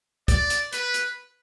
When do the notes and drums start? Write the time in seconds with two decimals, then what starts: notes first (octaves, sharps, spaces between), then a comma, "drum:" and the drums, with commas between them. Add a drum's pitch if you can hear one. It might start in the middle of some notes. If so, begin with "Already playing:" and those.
0.28 D5, drum: kick, hi-hat
0.50 drum: hi-hat
0.72 B4, drum: hi-hat
0.94 drum: hi-hat